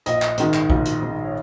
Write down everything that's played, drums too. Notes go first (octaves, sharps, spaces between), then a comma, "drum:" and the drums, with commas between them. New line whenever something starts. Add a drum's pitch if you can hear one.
A#1 D#5, drum: hi-hat
drum: clap
G#2 D#3, drum: hi-hat
drum: clap
A#1, drum: kick
drum: hi-hat
G#2 D#3
C#5